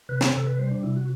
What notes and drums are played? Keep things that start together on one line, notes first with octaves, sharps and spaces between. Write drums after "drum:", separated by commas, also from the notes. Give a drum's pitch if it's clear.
C3 B4
C5, drum: snare
C3 A4
B4
G3 C5
D4
C3 E4
F#4